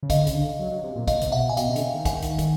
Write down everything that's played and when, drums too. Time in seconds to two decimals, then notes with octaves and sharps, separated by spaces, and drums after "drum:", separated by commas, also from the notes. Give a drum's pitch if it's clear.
0.03 C#3
0.10 D3 D#5 F5, drum: kick, hi-hat
0.27 C#3, drum: hi-hat
0.34 D3
0.59 F#3
0.71 F#3
0.83 C3
0.96 A#2
1.08 D#5 F5, drum: kick, hi-hat
1.21 C3, drum: hi-hat
1.32 B2 E5 F#5
1.49 G#5
1.57 B2 F5 G5, drum: hi-hat
1.69 C3
1.76 D3, drum: hi-hat
1.81 C#3
1.94 D#3
2.05 F#5 G#5, drum: kick, hi-hat
2.22 drum: hi-hat
2.39 drum: kick, hi-hat